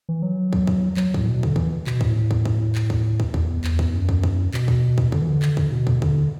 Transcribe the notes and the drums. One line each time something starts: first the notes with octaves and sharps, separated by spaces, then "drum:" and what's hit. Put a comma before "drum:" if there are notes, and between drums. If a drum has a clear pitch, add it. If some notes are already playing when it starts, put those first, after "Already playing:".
E3
F#3
drum: kick
drum: kick
F#3, drum: clap
A2, drum: kick
B2
D3, drum: kick
E3, drum: kick
B2, drum: clap
A2, drum: kick
drum: kick
drum: kick
drum: clap
drum: kick
drum: kick
E2, drum: kick
E2, drum: clap
drum: kick
F#2
drum: kick
drum: kick
B2, drum: clap
drum: kick
drum: kick
D3, drum: kick
E3
D3
drum: clap
drum: kick
B2
drum: kick
D3, drum: kick